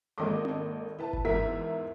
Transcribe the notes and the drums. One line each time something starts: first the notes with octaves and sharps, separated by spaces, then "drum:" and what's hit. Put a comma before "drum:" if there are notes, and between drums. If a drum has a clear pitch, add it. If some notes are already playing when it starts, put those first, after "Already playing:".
G#1 G#3 A#3 A4 D#5 D6
drum: tom C4
E4 B4 A5
drum: kick G1
E2 G#2 F3 A#4 E5 B6